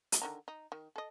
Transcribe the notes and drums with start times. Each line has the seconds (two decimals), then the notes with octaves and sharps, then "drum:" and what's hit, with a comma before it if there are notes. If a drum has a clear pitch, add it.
0.12 drum: hi-hat
0.22 D3 D#3 A#5
0.48 D#4
0.72 D#3
0.96 A4 D#5